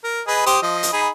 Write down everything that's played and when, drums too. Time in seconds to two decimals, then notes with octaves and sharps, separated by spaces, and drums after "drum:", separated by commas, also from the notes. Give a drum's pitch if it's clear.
0.04 A#4
0.28 G#4 B4 D#5
0.46 G4 C5 D#6, drum: hi-hat
0.62 F3 D#5
0.83 drum: hi-hat
0.93 D#4 G#4 B5